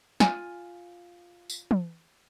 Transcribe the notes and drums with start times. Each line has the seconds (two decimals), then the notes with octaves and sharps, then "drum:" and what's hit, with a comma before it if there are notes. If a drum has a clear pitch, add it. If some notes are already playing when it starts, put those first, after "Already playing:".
0.20 F4 G#5, drum: snare
1.50 drum: tambourine
1.71 drum: tom